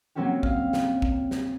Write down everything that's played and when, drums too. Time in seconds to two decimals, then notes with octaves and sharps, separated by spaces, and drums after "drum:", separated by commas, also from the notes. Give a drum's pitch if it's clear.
0.15 F#3 A#3 C4 C#4 F#4 G4
0.43 F5, drum: kick
0.73 drum: snare
1.02 drum: kick
1.31 drum: snare